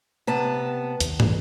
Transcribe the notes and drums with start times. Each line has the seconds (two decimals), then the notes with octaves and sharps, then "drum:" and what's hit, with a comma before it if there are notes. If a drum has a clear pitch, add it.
0.27 C3 B3 A5
1.00 D#2, drum: hi-hat
1.20 drum: tom